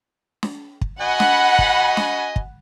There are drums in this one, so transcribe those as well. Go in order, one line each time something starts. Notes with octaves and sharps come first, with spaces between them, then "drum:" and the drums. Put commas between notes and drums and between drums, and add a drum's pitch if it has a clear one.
drum: snare
drum: kick
F#4 D#5 F#5 G#5 B5
drum: snare
drum: kick
drum: snare
drum: kick